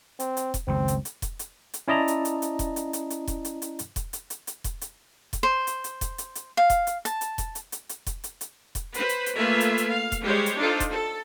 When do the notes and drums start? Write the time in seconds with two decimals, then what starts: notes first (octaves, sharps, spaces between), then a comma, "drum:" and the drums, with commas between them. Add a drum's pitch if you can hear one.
0.20 C4, drum: hi-hat
0.37 drum: hi-hat
0.54 drum: kick E1, hi-hat
0.67 F#1 C#2 D#3 C4
0.88 drum: hi-hat
1.05 drum: hi-hat
1.22 drum: kick E1, hi-hat
1.39 drum: hi-hat
1.74 drum: hi-hat
1.88 C#4 E4 D5 D#5 A5 A#5
2.08 drum: hi-hat
2.25 drum: hi-hat
2.42 drum: hi-hat
2.59 drum: kick E1, hi-hat
2.76 drum: hi-hat
2.93 drum: hi-hat
3.10 drum: hi-hat
3.27 drum: kick E1, hi-hat
3.45 drum: hi-hat
3.62 drum: hi-hat
3.79 drum: hi-hat
3.96 drum: kick E1, hi-hat
4.13 drum: hi-hat
4.30 drum: hi-hat
4.47 drum: hi-hat
4.64 drum: kick E1, hi-hat
4.81 drum: hi-hat
5.33 drum: kick E1, hi-hat
5.43 C5
5.67 drum: hi-hat
5.84 drum: hi-hat
6.01 drum: kick E1, hi-hat
6.18 drum: hi-hat
6.35 drum: hi-hat
6.57 F5
6.70 drum: kick E1, hi-hat
6.87 drum: hi-hat
7.05 A5, drum: hi-hat
7.21 drum: hi-hat
7.38 drum: kick E1, hi-hat
7.55 drum: hi-hat
7.72 drum: hi-hat
7.89 drum: hi-hat
8.06 drum: kick E1, hi-hat
8.24 drum: hi-hat
8.41 drum: hi-hat
8.75 drum: kick E1, hi-hat
8.94 B4 C5, drum: hi-hat
9.09 drum: hi-hat
9.26 drum: hi-hat
9.36 A3 A#3 F4 B4 E5 G#5
9.60 drum: hi-hat
9.78 drum: hi-hat
9.90 F5
10.12 drum: kick E1, hi-hat
10.22 G3 G#3 G4 C5 C#5
10.46 drum: hi-hat
10.57 D4 D#4 F4 A4 C5
10.80 drum: kick E1, hi-hat
10.91 A4